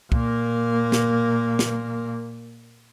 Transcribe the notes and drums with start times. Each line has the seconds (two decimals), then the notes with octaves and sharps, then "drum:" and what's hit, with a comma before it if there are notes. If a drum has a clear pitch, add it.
0.12 A#2 A#3, drum: kick
0.92 drum: snare
1.59 drum: snare